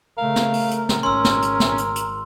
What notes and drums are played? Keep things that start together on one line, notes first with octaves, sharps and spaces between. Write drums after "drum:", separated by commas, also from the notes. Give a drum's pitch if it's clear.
C#3 A3 A#4 F5
drum: snare
drum: open hi-hat
drum: hi-hat
drum: snare
G#1 C#4 C6 E6
drum: snare
drum: hi-hat
drum: snare
drum: hi-hat
drum: hi-hat